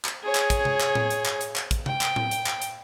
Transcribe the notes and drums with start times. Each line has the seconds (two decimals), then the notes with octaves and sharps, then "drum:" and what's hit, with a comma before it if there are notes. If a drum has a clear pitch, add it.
0.05 drum: clap
0.23 G#4 C#5
0.35 drum: clap
0.50 drum: kick, hi-hat
0.65 drum: tom C3
0.80 drum: clap
0.95 drum: tom A2
1.11 drum: hi-hat
1.26 drum: clap
1.41 drum: hi-hat
1.56 drum: clap
1.71 drum: kick, hi-hat
1.86 G5, drum: tom C3
2.01 drum: clap
2.16 drum: tom A2
2.31 drum: hi-hat
2.46 drum: clap
2.62 drum: hi-hat